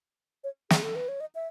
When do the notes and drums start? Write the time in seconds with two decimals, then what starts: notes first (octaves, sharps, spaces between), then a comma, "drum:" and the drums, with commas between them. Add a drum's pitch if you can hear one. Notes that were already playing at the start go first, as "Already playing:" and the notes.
0.44 C#5
0.70 G#4, drum: snare
0.83 A4
0.95 B4
1.08 C#5
1.20 D#5
1.35 E5